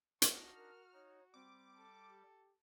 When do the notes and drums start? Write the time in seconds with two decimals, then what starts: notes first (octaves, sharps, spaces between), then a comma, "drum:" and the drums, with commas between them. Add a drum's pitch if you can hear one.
0.22 D4 D#4 F#4 F6 A#6, drum: hi-hat
0.56 A#4
0.93 D#4 C#5
1.34 G3 C4 D6
1.77 A4
2.09 G4